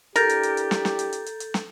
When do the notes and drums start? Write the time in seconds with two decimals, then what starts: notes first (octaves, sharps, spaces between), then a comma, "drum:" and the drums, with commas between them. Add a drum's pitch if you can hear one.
0.16 D4 E4 G4 A4 A#4 G6 A6, drum: hi-hat
0.29 drum: hi-hat
0.43 drum: hi-hat
0.57 drum: hi-hat
0.71 drum: snare
0.85 drum: snare
0.99 drum: hi-hat
1.13 drum: hi-hat
1.26 drum: hi-hat
1.40 drum: hi-hat
1.54 drum: snare